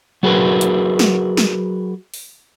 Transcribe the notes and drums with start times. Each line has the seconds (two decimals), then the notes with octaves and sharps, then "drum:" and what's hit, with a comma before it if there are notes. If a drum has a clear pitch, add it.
0.23 F#3 F#4 G#4 A#4 B4
0.61 drum: hi-hat
0.99 drum: snare
1.37 drum: snare
2.14 drum: open hi-hat